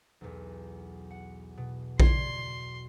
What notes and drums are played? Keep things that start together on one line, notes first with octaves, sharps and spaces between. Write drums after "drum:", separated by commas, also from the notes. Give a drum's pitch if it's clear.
B1 E2
F#5
B2
D5 C6 G#6, drum: kick A#1